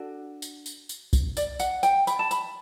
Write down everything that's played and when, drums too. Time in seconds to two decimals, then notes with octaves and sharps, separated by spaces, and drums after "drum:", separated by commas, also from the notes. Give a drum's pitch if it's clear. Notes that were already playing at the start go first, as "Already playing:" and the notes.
Already playing: D4 F#4 A4
0.42 drum: tambourine
0.66 drum: tambourine
0.89 drum: tambourine
1.13 drum: kick B1, tambourine
1.37 D5, drum: tambourine
1.59 F#5, drum: tambourine
1.83 G5, drum: tambourine
2.07 B5, drum: tambourine
2.19 A5
2.31 B5, drum: tambourine